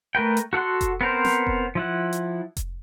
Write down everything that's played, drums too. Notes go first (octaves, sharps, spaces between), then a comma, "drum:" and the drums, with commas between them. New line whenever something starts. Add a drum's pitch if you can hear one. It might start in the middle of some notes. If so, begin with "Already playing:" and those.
A3 A#4 B4 G5
drum: hi-hat
F#4 A4 F#5 C6
drum: kick F1, hi-hat
B3 C4 A#4 C5
drum: snare
drum: kick F1
F3 E4 F#5
drum: hi-hat
drum: kick F1, hi-hat